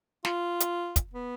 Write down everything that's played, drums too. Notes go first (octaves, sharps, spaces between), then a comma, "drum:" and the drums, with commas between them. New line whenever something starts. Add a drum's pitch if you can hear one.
F4, drum: snare
drum: hi-hat
drum: kick, hi-hat
B3